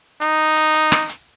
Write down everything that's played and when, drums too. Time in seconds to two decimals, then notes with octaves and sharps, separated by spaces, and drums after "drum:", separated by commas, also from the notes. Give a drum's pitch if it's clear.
0.21 D#4, drum: hi-hat
0.57 drum: hi-hat
0.74 drum: hi-hat
0.92 drum: rim click
1.09 drum: hi-hat